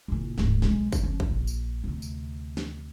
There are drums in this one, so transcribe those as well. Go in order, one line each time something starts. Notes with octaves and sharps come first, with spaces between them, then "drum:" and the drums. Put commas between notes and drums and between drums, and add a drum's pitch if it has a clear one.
F#1 A#2
D1 G#1, drum: snare
B1 G#3, drum: snare
drum: kick, tambourine
F3 C#4
drum: kick
A#1
drum: tambourine
D2 C3
drum: tambourine
drum: snare